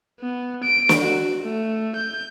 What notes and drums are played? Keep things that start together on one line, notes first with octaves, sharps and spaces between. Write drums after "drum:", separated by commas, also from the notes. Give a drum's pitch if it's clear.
B3
D7
drum: snare
F#4
A3
G6